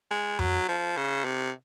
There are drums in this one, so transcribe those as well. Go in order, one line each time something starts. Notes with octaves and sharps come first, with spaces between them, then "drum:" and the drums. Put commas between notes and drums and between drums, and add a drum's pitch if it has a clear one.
G#3
F#3, drum: tom F2
F3
C#3
C3